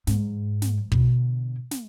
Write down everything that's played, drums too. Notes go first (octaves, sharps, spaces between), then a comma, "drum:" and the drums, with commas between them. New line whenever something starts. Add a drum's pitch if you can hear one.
G#2, drum: snare
drum: snare
B2 D3, drum: kick
drum: snare